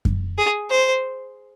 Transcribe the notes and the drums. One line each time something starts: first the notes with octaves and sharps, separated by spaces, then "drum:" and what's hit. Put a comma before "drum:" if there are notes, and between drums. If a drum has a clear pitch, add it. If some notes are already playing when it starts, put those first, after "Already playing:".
drum: kick F#2
G#4
C5